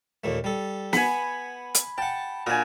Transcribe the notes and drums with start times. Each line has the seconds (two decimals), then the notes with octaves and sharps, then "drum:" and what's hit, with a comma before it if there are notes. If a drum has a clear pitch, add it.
0.24 D#2 A#2 A3
0.44 G3 A4
0.93 B3 F#5 G#5 B5, drum: snare
1.74 drum: hi-hat
1.98 F#5 G5 A5
2.46 A#2 D4 F#4 G#5